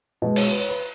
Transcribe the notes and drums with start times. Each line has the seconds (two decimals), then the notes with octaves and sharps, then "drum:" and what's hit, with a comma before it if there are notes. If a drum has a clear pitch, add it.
0.22 B2 G#3 D#5
0.36 C#5, drum: cymbal
0.51 B4
0.60 C#5
0.69 B4